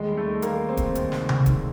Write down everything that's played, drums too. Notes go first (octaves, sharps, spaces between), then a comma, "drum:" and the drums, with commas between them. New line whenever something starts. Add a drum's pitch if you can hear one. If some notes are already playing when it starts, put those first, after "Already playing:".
Already playing: D#2 G#3
G3
A3
D#3
D#2 A#3, drum: hi-hat
D#2
C4
D#2, drum: kick, hi-hat
D#2, drum: hi-hat
D#3, drum: snare
D#3, drum: tom C3
D#2, drum: kick, hi-hat